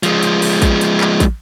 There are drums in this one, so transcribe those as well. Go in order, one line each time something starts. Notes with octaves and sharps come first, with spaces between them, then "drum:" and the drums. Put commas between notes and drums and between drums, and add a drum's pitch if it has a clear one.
F3 G#3, drum: hi-hat
drum: hi-hat
drum: open hi-hat
drum: kick, hi-hat
drum: hi-hat
drum: clap
drum: kick, hi-hat